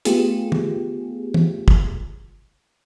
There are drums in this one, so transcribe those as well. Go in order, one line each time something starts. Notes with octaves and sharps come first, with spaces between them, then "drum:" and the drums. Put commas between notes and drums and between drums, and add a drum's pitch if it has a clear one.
A3 B3 F4 G4 G#4, drum: hi-hat
drum: tom
drum: tom
drum: kick